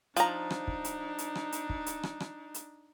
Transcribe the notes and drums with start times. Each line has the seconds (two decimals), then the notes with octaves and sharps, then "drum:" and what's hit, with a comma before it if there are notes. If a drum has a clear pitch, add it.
0.17 F3 D4 D#4 A#5, drum: hi-hat
0.50 drum: rim click
0.67 drum: kick
0.84 drum: hi-hat
1.18 drum: hi-hat
1.35 drum: rim click
1.52 drum: hi-hat
1.69 drum: kick
1.86 drum: hi-hat
2.03 drum: rim click
2.20 drum: rim click
2.54 drum: hi-hat